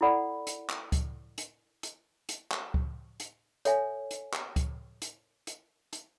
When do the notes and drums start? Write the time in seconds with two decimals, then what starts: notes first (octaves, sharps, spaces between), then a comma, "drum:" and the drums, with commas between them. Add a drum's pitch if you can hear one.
0.01 E4 A4 D5 F#5 B5
0.47 drum: hi-hat
0.70 drum: clap
0.92 drum: kick C#2, hi-hat
1.38 drum: hi-hat
1.83 drum: hi-hat
2.29 drum: hi-hat
2.51 drum: clap
2.74 drum: kick C#2
3.20 drum: hi-hat
3.65 A4 C#5 E5 G#5, drum: hi-hat
4.11 drum: hi-hat
4.33 drum: clap
4.56 drum: kick C#2, hi-hat
5.02 drum: hi-hat
5.47 drum: hi-hat
5.93 drum: hi-hat